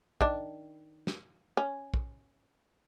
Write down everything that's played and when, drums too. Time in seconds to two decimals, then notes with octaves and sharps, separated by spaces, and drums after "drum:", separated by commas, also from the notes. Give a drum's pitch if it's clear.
0.21 D#3 D4, drum: kick
1.07 drum: snare
1.57 C#4
1.94 drum: kick